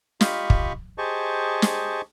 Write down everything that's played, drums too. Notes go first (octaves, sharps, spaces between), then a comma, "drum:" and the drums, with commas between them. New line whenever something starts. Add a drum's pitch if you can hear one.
F4 G4 D#5 F5 B5 C#6, drum: snare
drum: kick
G4 G#4 C5 D#5 A5 C#6
drum: snare